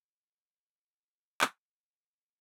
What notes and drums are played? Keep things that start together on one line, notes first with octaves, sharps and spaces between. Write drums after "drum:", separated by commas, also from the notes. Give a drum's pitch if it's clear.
G#3 C#5
drum: clap
E2 A#3